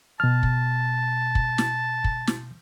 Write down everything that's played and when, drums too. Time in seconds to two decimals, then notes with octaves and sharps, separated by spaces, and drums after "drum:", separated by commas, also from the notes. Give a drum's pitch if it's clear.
0.20 B2 A5 F6
0.43 drum: kick
1.35 drum: kick
1.58 drum: snare
2.04 drum: kick
2.27 drum: snare